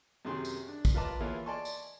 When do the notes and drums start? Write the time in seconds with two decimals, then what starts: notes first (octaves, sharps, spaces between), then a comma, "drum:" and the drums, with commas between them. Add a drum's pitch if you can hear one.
0.25 F#2 C3 D#3 G#4 C6
0.45 drum: tambourine
0.68 D4
0.85 drum: kick, tambourine
0.94 F4 A#4 B4 D#5 A5 D6
1.20 E3 A#3 B3 F4 G#4 C#5
1.46 D5 D#5 G#5 A5 C6 C#6
1.65 drum: tambourine